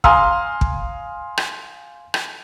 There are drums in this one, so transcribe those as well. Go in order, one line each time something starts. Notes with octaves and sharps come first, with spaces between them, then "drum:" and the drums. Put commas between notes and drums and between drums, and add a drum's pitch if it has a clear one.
F5 G#5 A#5 C6 D#6 F6, drum: kick
drum: kick
drum: rim click
drum: rim click